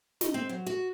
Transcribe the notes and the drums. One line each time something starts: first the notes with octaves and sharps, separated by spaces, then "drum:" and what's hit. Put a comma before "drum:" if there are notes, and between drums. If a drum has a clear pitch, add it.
D#5, drum: snare
C4
F#3
F#4